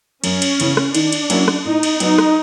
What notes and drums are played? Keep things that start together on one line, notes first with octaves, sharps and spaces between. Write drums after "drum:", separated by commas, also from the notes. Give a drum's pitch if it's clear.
F#2 C#4, drum: cymbal
drum: cymbal
C#3 E3, drum: cymbal
drum: rim click
D#3 D4, drum: cymbal
drum: cymbal
F#3 A#3 C#4 E4, drum: cymbal
drum: rim click
A2 D#4
drum: cymbal
F#3 B3 D#4, drum: cymbal
drum: rim click